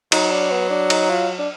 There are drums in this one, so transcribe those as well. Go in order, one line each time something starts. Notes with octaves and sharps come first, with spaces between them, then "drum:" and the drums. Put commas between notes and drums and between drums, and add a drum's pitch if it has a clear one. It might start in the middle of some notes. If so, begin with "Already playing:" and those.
F#3 D#4, drum: cymbal
D4
B3
D4
D#4, drum: cymbal
F4
D4